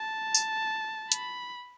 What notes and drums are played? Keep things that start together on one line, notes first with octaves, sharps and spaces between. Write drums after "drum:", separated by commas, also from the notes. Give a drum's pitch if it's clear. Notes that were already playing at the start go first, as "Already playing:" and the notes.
Already playing: A5
drum: tambourine
B5, drum: hi-hat